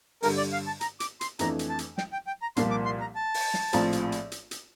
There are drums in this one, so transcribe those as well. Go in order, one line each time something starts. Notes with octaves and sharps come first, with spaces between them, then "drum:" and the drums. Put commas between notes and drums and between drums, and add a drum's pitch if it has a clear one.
G2 D3 G3 D4 A4 A#4, drum: open hi-hat
D5
F5
A5
A#5, drum: hi-hat
D6, drum: hi-hat
C6, drum: hi-hat
F2 E3 A3 D4 A#5, drum: hi-hat
drum: hi-hat
A5
drum: hi-hat
G5, drum: snare
G5
G5
A#5
C2 A#2 F3 A#3 C6, drum: hi-hat
D6
C6
A#5
A5
drum: open hi-hat
drum: snare
A#1 A2 F3 C4 F4, drum: hi-hat
drum: hi-hat
drum: hi-hat
drum: hi-hat
drum: hi-hat